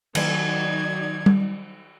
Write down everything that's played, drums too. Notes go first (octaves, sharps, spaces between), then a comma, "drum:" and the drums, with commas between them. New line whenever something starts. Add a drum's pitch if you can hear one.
D#3 F#3 D#4 F#4 D5 G#6, drum: cymbal
drum: tom G3